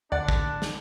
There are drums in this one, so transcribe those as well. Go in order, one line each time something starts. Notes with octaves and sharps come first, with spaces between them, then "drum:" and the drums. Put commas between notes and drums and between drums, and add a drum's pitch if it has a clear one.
D2 D3 D4 D5 F#5
drum: kick
drum: snare